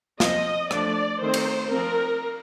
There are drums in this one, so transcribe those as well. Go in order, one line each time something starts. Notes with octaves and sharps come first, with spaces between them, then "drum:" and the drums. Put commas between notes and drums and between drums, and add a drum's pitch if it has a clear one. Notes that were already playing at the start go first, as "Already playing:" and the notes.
F3 C4 D#5, drum: snare
F3 A3 D4 D5, drum: rim click
D#3 A3 C4 C5
drum: cymbal
F3 C4 A#4